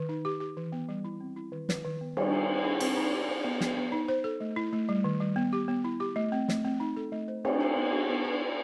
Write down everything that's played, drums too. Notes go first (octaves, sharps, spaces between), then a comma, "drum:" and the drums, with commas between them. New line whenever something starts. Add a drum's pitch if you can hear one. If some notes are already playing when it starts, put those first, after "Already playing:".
Already playing: D#3
D#4
G4
G4
E3
B3
G3
E4
C4
E4
D#3
B4, drum: snare
D#3
B3
G3, drum: cymbal
G3
C4
E4
C4, drum: cymbal
D#4
G4
C5
B3
B3, drum: snare
B3
D#4
C5
A4
A3
E4
A3
G3
D#3
G3
B3
G4
B3
E4
G4
A3
C4
A3, drum: snare
C4
D#4
A4
A3
C5
C4, drum: cymbal
C5
B3
F#4
B3
B4
E4